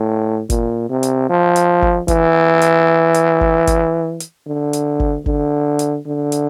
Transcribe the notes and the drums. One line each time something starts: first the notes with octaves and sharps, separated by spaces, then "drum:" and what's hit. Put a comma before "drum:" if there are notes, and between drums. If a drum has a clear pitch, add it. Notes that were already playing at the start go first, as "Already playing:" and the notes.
Already playing: A2
A#2, drum: kick G1, hi-hat
C3
drum: hi-hat
F3
drum: hi-hat
drum: kick G1
E3, drum: kick G1, hi-hat
drum: hi-hat
drum: hi-hat
drum: kick G1
drum: kick G1, hi-hat
drum: hi-hat
D3
drum: hi-hat
drum: kick G1
D3, drum: kick G1
drum: hi-hat
D3
drum: hi-hat